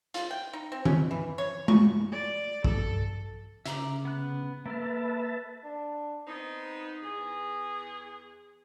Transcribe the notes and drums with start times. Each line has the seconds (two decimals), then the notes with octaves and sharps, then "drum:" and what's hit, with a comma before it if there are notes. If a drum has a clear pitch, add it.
0.14 F4, drum: hi-hat
0.31 G5
0.53 D#4
0.72 C4
0.85 C#4, drum: tom D#3
1.11 E3
1.38 C#5
1.68 C#6, drum: tom G#3
2.12 D5
2.64 A4, drum: kick A#1
3.66 C#3 E5 A#5 D6, drum: hi-hat
4.05 B3 F#6
4.66 A#3 A4 B4 E5 A5 F6
5.64 D4
6.27 B3 C4 D#4
7.03 E2 G#4